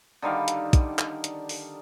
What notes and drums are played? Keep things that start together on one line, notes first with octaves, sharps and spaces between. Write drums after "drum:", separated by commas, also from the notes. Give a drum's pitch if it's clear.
D3 D#3 G3 F5
drum: hi-hat
drum: kick, hi-hat
drum: clap
drum: hi-hat
drum: open hi-hat